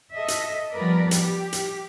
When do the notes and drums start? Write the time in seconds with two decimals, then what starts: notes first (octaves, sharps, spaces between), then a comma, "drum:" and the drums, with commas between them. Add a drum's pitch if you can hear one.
0.13 A4 D#5 E5
0.28 drum: hi-hat
0.73 F3 G3 B3 A#4 B4 D5
1.11 G4, drum: hi-hat
1.53 drum: hi-hat